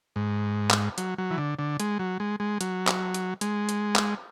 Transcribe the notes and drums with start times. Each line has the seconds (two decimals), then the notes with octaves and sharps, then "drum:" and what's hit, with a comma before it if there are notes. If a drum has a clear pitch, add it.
0.16 G#2
0.71 drum: clap
0.98 F#3, drum: hi-hat
1.18 F#3
1.31 E3
1.38 D3
1.59 D3
1.80 G#3, drum: hi-hat
1.99 F#3
2.20 G#3
2.40 G#3
2.61 F#3, drum: hi-hat
2.87 drum: clap
3.14 drum: hi-hat
3.41 G#3, drum: hi-hat
3.69 drum: hi-hat
3.96 drum: clap